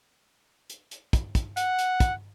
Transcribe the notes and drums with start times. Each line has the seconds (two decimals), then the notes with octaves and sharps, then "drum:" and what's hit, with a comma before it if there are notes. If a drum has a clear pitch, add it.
0.70 drum: hi-hat
0.91 drum: hi-hat
1.13 drum: kick, hi-hat
1.35 drum: kick, hi-hat
1.57 F#5, drum: hi-hat
1.79 drum: hi-hat
2.00 drum: kick, hi-hat